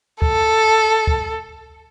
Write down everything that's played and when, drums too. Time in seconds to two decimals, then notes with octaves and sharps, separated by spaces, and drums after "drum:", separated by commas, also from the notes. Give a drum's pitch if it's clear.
0.22 A4, drum: kick C#2
1.07 drum: kick C#2